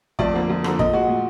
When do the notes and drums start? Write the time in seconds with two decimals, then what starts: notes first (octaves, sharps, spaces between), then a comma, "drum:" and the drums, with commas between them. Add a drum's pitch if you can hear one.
0.19 F2 D5, drum: kick
0.34 D3 F3 A#3
0.50 F2
0.64 D3 F3 A#3, drum: rim click
0.79 A#2 D#5, drum: kick
0.93 G#3 F#4
1.08 A#2